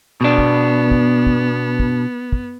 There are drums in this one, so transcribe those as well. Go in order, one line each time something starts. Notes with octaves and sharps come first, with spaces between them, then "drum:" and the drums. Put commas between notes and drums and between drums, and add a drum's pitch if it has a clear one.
B2 B3 D4
drum: kick
drum: kick
drum: kick
drum: kick
drum: kick